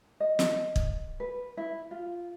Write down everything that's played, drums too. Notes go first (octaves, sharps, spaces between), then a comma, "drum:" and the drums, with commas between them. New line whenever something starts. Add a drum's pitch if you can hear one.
D#5
drum: snare
drum: kick
B4
E4
F4